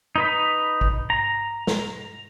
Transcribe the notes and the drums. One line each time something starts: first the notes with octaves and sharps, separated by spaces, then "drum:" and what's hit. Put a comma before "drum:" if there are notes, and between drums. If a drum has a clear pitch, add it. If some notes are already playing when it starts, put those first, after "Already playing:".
D#4 B4 B5
drum: kick
A#5
drum: snare